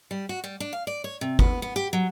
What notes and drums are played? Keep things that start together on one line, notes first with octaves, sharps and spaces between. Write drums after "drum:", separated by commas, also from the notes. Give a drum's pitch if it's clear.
G3
F#4
G3
D4
F5
D5
C#5
C3
B3, drum: kick G1
B3
G4
F#3